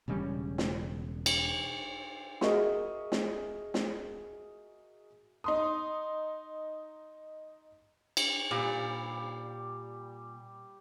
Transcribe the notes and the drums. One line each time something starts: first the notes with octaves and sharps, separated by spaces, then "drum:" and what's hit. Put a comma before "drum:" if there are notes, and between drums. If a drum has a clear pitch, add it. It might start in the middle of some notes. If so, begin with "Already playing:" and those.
E1 C#3 G3 C#4
drum: snare
drum: cymbal
F#4 G#4 A#4 D#5 E5 C#6, drum: snare
drum: snare
drum: snare
D#4 C6 D#6
drum: cymbal
A#2 G3